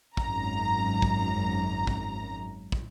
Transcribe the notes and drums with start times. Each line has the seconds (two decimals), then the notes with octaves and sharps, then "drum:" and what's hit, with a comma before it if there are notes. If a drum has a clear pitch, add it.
0.17 G#1 F#2 A#5, drum: kick
1.02 drum: kick
1.87 drum: kick
2.72 drum: kick